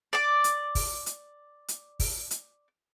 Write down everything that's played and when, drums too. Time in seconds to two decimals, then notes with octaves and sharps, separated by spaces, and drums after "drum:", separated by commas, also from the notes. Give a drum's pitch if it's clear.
0.13 D5 D6
0.44 drum: hi-hat
0.75 drum: kick, open hi-hat
1.06 drum: hi-hat
1.68 drum: hi-hat
2.00 drum: kick, open hi-hat
2.31 drum: hi-hat